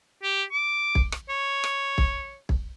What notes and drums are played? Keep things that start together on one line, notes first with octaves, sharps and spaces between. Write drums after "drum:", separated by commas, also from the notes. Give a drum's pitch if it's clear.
G4
D6
drum: kick
drum: rim click
C#5
drum: rim click
drum: kick
drum: kick